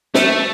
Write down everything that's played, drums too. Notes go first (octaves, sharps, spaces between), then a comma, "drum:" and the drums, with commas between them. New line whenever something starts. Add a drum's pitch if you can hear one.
A3, drum: snare